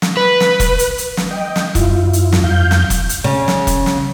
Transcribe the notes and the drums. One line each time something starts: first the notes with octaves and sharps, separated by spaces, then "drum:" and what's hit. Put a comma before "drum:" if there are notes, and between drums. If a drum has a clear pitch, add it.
drum: snare
B4
drum: snare
drum: kick E1, hi-hat
drum: hi-hat
drum: hi-hat
drum: snare
D#5 G5
drum: snare
F#2 E4 F4, drum: kick E1, hi-hat
drum: hi-hat
drum: snare
F2 F5 G6
drum: snare
drum: kick E1, hi-hat
drum: hi-hat
C#3
drum: snare
drum: kick E1, hi-hat
drum: snare